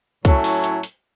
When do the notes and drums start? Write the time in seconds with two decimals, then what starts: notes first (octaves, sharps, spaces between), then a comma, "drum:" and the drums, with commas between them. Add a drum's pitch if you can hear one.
0.25 A2 F#3 A3 C#4 E4, drum: kick, hi-hat
0.44 drum: open hi-hat
0.64 drum: hi-hat
0.83 drum: hi-hat